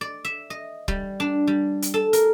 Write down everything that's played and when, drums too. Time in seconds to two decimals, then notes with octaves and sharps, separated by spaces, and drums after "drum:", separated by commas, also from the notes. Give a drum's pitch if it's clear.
0.01 D5
0.25 E5
0.50 D#5
0.88 G3, drum: kick
1.20 D4
1.47 G3
1.82 drum: hi-hat
1.94 A4
2.13 A#4, drum: hi-hat